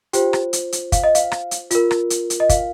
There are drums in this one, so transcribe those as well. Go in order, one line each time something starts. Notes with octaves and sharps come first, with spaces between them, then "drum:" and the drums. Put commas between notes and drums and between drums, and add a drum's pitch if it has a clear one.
F4 G4 C5 G5, drum: hi-hat
drum: rim click
drum: hi-hat
drum: hi-hat
F5, drum: kick, hi-hat
D#5
F5, drum: hi-hat
drum: rim click
drum: hi-hat
F4 A#4, drum: hi-hat
drum: rim click
drum: hi-hat
drum: hi-hat
D#5
F5, drum: kick, hi-hat